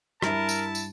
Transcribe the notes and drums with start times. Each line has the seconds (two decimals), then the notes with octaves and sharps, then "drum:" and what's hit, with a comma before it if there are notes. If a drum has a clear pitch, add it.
0.22 G2 E4 A#4 A5, drum: rim click
0.49 drum: tambourine
0.75 drum: tambourine